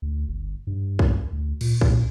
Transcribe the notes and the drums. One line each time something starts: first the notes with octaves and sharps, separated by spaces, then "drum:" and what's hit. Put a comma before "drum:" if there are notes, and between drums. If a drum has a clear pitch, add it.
D2
G1
G2
drum: kick B1
D2
A#2, drum: cymbal
A#2, drum: kick B1